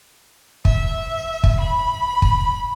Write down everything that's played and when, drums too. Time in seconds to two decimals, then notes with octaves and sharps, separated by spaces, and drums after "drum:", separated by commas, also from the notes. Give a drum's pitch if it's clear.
0.65 E5, drum: kick
1.43 drum: kick
1.60 B5
2.22 drum: kick